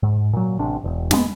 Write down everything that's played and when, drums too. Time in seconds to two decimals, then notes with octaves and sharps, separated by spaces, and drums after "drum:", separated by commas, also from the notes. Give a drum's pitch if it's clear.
0.03 G#2
0.33 A#2 F#3
0.59 A1 C3 D4
0.84 E1
1.11 G2 G#3 B3, drum: snare